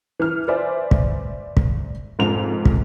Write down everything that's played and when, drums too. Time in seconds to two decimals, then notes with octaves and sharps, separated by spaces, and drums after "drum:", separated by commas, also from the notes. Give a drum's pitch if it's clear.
0.20 E3 F6
0.48 B4 C5 D5 E5 G#5
0.91 drum: kick
1.57 drum: kick
2.19 F1 G#2 F4 F7
2.65 drum: kick